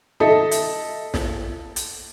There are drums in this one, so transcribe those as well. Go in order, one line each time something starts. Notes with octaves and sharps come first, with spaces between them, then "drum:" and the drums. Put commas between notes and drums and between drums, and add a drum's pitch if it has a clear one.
A4 D#5 E5
drum: hi-hat
drum: snare
drum: hi-hat